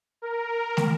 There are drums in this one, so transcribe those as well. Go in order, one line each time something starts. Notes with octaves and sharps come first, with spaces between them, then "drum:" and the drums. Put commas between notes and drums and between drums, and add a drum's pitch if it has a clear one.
A#4
drum: snare